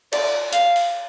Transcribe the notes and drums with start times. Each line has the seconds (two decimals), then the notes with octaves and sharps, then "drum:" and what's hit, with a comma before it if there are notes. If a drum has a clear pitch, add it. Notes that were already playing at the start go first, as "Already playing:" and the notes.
0.13 D5, drum: cymbal
0.53 F5, drum: hi-hat
0.76 drum: open hi-hat